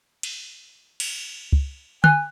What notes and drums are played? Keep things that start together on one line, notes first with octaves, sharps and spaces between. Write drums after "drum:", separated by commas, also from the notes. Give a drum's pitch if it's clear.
drum: cymbal
drum: cymbal
drum: kick
G#5 F#6, drum: tom